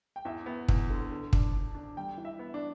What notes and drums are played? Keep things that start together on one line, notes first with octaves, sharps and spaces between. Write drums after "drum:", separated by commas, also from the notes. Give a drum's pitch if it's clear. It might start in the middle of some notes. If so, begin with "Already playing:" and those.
G5
E2 E5
B3
E2, drum: kick
D3
D3
D4, drum: kick
D4
D4
G3 G5
E3
E5
B3
D4